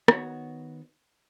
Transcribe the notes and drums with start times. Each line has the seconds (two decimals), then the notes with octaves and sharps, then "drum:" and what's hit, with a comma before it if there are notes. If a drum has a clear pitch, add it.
0.08 D#3 B3 F#4 C#5, drum: rim click